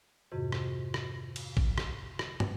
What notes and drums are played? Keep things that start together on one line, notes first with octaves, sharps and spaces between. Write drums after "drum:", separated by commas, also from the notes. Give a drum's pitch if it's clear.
F2 G#2 C3 D#3 F#4
drum: rim click
drum: rim click
drum: cymbal
drum: kick
drum: rim click
drum: rim click
drum: tom